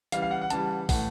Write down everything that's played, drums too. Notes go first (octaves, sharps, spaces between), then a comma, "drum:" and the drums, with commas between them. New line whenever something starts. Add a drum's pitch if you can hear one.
C#3 E3 G3 F5, drum: hi-hat
F5
F#5
F#5
C#3 E3 G3 A5, drum: hi-hat
A2 E3 A3 F#5, drum: kick, open hi-hat